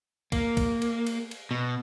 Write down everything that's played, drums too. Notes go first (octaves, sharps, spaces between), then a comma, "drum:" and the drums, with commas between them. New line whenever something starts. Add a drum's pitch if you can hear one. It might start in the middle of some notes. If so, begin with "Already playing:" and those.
A#3, drum: kick, cymbal
drum: kick, cymbal
drum: cymbal
drum: cymbal
drum: cymbal
B2